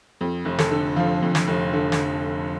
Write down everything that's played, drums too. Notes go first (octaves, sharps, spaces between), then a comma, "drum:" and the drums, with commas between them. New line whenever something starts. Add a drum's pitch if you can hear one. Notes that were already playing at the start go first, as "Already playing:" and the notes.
F2
F1
A4, drum: snare
D3
F3 F4
F2
drum: snare
F1
D3
drum: snare